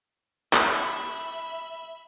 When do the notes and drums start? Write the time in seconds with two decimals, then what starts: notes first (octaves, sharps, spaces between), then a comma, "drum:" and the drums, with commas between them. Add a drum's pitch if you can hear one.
0.53 E5 B5, drum: clap